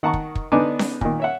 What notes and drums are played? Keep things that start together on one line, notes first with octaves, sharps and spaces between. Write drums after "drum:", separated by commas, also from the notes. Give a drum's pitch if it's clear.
D#3 F#5 A5 A#5 C#6
drum: kick
drum: kick
D3 B3 D4 D#4 G#5 D6
drum: snare C#4
A#2 D#3, drum: kick
C#5 E5 F#5